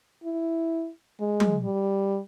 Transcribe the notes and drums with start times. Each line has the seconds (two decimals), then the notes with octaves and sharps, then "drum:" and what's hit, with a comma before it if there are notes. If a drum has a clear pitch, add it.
0.24 E4
1.20 G#3
1.40 drum: tom F#3
1.63 G3